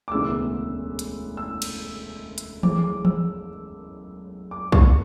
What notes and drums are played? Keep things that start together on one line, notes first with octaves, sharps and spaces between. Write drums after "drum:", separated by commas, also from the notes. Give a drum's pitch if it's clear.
D6
E1 D2 C#3 E3 B3 E6
drum: hi-hat
E6
drum: cymbal
drum: hi-hat
F#2 E3 G#3 C#4 D6, drum: tom E3
D6
E6, drum: tom E3
D6
C#6, drum: kick